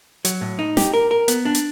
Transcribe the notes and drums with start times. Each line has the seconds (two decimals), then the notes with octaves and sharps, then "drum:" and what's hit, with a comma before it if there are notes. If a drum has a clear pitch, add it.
0.25 F#3, drum: hi-hat
0.41 A2
0.59 D#4
0.77 G4, drum: snare
0.94 A#4
1.11 A#4
1.28 B3, drum: hi-hat
1.45 D4
1.55 drum: hi-hat